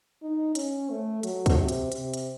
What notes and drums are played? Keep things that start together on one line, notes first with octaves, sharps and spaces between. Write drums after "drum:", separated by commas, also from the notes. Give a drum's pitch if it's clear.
D#4
C#4, drum: hi-hat
A3
F#3, drum: hi-hat
drum: kick, hi-hat
C3
drum: hi-hat
C3, drum: hi-hat
drum: hi-hat